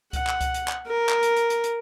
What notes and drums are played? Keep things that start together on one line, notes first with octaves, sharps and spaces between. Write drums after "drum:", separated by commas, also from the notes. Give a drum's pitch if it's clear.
F#5, drum: kick C#2, hi-hat
drum: clap
drum: kick C#2, hi-hat
drum: hi-hat
drum: clap
A#4
drum: clap
drum: hi-hat
drum: hi-hat
drum: hi-hat
drum: hi-hat